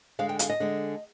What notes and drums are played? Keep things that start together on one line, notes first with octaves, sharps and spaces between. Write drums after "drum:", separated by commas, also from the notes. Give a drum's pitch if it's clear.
D3 G#3 F5
G5
F5, drum: hi-hat
D#5
D3 G#3